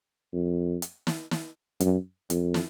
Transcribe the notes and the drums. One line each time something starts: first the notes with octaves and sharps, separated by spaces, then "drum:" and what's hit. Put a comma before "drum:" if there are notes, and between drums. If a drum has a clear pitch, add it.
F2
drum: hi-hat
drum: snare
drum: snare
F#2, drum: hi-hat
F2, drum: hi-hat
drum: snare